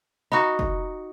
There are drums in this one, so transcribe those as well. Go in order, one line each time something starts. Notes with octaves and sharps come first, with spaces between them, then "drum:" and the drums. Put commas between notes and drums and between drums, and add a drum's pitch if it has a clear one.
D#4 F#4 B5
drum: kick